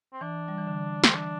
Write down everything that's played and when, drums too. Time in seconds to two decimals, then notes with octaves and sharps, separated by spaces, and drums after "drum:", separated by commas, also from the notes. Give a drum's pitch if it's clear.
0.13 C4
0.21 E3 D4
0.48 G3
0.58 E3
0.67 D3
1.04 C4, drum: snare
1.14 E3 D4